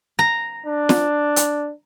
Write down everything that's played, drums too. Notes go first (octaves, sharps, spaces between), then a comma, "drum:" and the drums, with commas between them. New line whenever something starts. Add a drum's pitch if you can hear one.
A#5
D4
drum: snare
drum: hi-hat